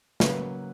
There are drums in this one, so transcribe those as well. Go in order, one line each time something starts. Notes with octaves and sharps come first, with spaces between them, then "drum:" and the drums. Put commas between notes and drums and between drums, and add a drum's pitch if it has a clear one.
C#3 F#3 A#3 B4, drum: snare